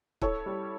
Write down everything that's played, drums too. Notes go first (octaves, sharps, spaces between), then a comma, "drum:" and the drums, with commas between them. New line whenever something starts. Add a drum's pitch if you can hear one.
E4 A4 C#5, drum: kick
G3